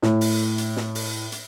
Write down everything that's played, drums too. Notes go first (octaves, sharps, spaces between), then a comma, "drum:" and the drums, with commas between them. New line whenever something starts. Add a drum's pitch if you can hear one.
A2, drum: snare
drum: open hi-hat
drum: hi-hat
drum: snare
drum: open hi-hat
drum: hi-hat